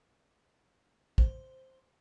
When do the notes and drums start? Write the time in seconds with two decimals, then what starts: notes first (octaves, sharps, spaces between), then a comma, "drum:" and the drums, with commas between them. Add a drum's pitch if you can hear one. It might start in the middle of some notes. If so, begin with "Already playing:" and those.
1.18 C5, drum: kick